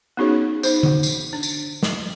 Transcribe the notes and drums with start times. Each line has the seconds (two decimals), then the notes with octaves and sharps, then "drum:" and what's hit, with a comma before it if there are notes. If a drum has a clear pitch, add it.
0.17 B3 C#4 D#4 F#4 G#4 C#5
0.63 D#4 C5, drum: tambourine
0.83 drum: tom D3
1.03 drum: tambourine
1.33 D4
1.43 drum: tambourine
1.83 drum: snare